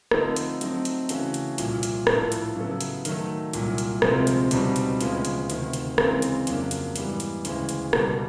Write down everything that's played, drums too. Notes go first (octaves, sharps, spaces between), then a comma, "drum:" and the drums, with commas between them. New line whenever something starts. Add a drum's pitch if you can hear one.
D3 F3 A3 C4 D#4, drum: rim click
drum: hi-hat
F#3 A3 C4 D#4, drum: hi-hat
drum: hi-hat
C#3 E3 A3 C#4 F#4, drum: hi-hat
drum: hi-hat
C2 A#2 F3, drum: hi-hat
drum: hi-hat
A2 F3 A3 D4, drum: rim click
drum: hi-hat
C#3 F#3 B3 E4 A4
drum: hi-hat
D#3 F#3 A3, drum: hi-hat
C2 A#2 F#3, drum: hi-hat
drum: hi-hat
D2 C3 F3 G#3 C4, drum: rim click
drum: hi-hat
C#2 B2 G3 C4 D#4, drum: hi-hat
drum: hi-hat
D2 C#3 F3 G#3 B3, drum: hi-hat
drum: hi-hat
D2 C3 D#3, drum: hi-hat
drum: hi-hat
C#3 E3 G#3 C4, drum: rim click
drum: hi-hat
F2 C#3 F#3 A#3 D4, drum: hi-hat
drum: hi-hat
G#2 E3 G3 B3, drum: hi-hat
drum: hi-hat
D2 C#3 E3 G#3, drum: hi-hat
drum: hi-hat
C#2 B2 G3 B3, drum: rim click